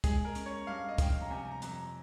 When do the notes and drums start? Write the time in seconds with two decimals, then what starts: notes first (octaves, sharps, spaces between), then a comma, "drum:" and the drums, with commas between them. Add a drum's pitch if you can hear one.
0.04 G#3 G#4, drum: kick, hi-hat
0.25 A#4
0.35 C#4, drum: hi-hat
0.46 C#5
0.67 G2 F5
0.89 D#5
0.98 F3 G5, drum: kick, hi-hat
1.09 F5
1.21 A#5
1.30 C3 G#5
1.51 A#5
1.62 F2, drum: hi-hat
1.72 A#5